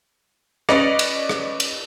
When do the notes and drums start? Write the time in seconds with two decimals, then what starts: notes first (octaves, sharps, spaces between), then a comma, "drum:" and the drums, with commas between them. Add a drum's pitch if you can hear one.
0.69 C#4 B4 D5 D#5 C#7 F7, drum: rim click
0.99 drum: cymbal
1.29 drum: rim click
1.60 drum: cymbal